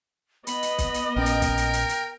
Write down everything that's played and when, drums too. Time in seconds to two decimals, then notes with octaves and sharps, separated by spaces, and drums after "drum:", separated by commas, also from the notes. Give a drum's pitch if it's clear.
0.47 B3 D#5 B5, drum: hi-hat
0.63 drum: hi-hat
0.78 drum: kick, hi-hat
0.94 drum: hi-hat
1.16 A#1 C#4 A#4 G5
1.26 drum: hi-hat
1.42 drum: kick, hi-hat
1.57 drum: hi-hat
1.73 drum: hi-hat
1.89 drum: hi-hat